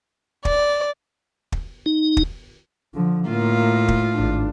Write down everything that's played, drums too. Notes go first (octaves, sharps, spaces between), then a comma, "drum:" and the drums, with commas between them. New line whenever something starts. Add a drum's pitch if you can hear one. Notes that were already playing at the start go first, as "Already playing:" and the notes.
D5, drum: kick
drum: kick
D#4
drum: kick
D3 F3
A2 A#3 F4
drum: kick
G#1 D4